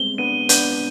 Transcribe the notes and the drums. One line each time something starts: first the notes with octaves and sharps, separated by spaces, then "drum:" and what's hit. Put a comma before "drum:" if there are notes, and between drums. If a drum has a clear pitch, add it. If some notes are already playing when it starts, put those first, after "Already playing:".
Already playing: G3 G#3 B3 C4 G7
B3 D4 D#7
B3 D4 G6, drum: hi-hat